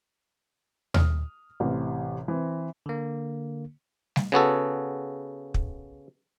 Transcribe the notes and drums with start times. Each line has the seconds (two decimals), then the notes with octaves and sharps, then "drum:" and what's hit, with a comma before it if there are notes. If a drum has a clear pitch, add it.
0.94 D#6 F6, drum: tom D#2
1.60 A1 C3 E3
2.28 E3 C4
2.86 D3 A#3
4.16 drum: snare G3
4.32 C#3 B3 F#4 A4
5.54 drum: kick